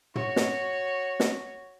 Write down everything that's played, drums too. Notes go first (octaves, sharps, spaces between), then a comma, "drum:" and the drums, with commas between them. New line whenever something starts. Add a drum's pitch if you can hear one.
F#4 C#5, drum: tom
drum: snare
drum: snare